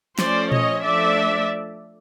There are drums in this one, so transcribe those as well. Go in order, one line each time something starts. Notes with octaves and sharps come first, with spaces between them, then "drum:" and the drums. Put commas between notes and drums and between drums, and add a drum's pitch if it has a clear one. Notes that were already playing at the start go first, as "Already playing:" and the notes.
F3 A3 C#4 C5 D5, drum: snare
C#5 D#5, drum: tom A#2
F3 A3 D4 D5 E5